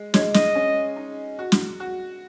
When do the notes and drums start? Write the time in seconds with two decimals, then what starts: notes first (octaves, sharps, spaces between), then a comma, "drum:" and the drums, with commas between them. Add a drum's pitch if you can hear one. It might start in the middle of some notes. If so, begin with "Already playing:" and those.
Already playing: G#3
0.14 G#3 C#5, drum: snare
0.34 D#5, drum: snare
0.55 C#4
0.97 D#4
1.39 F#4
1.52 drum: snare
1.80 F#4